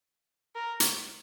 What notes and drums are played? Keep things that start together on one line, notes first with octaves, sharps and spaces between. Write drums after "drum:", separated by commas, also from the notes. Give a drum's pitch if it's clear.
A#4
drum: hi-hat